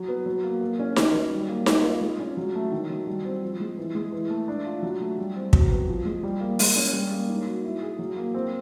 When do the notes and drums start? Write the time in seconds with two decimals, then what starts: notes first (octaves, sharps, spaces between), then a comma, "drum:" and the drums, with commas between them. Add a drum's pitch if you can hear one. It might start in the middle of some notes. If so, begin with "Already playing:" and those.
Already playing: F#3
0.08 B3
0.26 F#3
0.44 A#3
0.61 A#3
0.79 C#4
0.96 D#3, drum: snare D#4
1.14 F#3
1.32 G3
1.49 A#3
1.66 C4, drum: snare D#4
1.84 F4
2.01 G#3
2.19 C#4
2.37 F#3
2.55 A3
2.71 D#3
2.90 F#3
3.07 G3
3.25 C4
3.42 F3
3.60 G#3
3.77 E3
3.95 G#3
4.12 E3
4.30 A3
4.48 D4
4.66 F4
4.83 F#3
5.01 A3
5.18 G3
5.36 C4
5.53 F#3, drum: kick
5.71 B3
5.88 F3
6.05 G#3
6.23 G3
6.40 A#3
6.59 G#3, drum: open hi-hat
6.76 C#4
6.93 G3
7.12 A#3
7.28 D#4
7.46 F#4
7.64 E4
7.82 G#4
7.99 F#3
8.16 A#3
8.34 C4